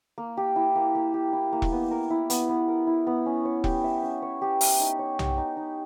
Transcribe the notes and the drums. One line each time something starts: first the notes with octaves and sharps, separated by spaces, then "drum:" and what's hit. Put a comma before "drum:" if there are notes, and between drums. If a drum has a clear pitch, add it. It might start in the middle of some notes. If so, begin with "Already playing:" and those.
A#3
G4
E4
A#3
A#3
G4
E4
A#3
drum: kick E1
B3
A#4
E4
B3, drum: hi-hat
B3
A#4
E4
B3
C#4
C#5
G4, drum: kick E1
E5
C#4
C#5
G4
E5, drum: open hi-hat
D#4
C#5
G4, drum: tom B1
D#4
D#4